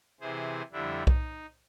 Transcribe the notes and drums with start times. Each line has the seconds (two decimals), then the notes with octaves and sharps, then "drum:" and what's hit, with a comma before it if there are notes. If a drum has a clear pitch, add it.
0.21 C3 E3 G#4 C5
0.72 F2 D3 G3 D4 E4
1.07 D#4, drum: kick B1